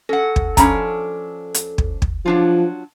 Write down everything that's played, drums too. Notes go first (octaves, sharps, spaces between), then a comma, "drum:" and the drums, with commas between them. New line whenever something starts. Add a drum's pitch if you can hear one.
C#4 A4 F#5
drum: kick
F3 C#4 D4 A#5 B5, drum: kick, hi-hat
drum: hi-hat
drum: kick
drum: kick
F3 F#3 D4 F4